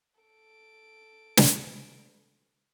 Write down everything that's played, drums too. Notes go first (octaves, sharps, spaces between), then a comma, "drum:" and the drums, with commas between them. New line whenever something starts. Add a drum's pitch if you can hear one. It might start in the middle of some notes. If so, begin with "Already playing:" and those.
A4 D7
drum: snare